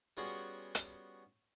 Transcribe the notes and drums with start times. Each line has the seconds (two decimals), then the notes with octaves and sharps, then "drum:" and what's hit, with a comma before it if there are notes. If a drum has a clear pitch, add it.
0.17 G3 B3 C#4 F4 F#4 G#4
0.75 drum: hi-hat